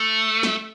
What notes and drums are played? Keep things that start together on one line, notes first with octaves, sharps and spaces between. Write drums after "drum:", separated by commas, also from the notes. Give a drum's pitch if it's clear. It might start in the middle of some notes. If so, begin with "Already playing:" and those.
Already playing: A3
drum: snare